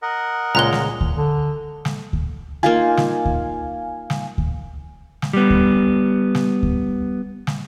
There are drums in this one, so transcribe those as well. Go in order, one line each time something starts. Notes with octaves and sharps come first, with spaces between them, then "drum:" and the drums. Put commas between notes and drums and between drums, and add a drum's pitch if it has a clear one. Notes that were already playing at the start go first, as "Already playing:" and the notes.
A#4 D#5 F#5
C#2 A#2 G#3 A#5 F#6 G7
drum: snare
drum: kick D2
D3
drum: snare
drum: kick D2
A#3 D#4 F4 F5 G#5
drum: snare
drum: kick D2
drum: snare
drum: kick D2
drum: snare
G3 B3
drum: kick D2
drum: snare
drum: kick D2
drum: snare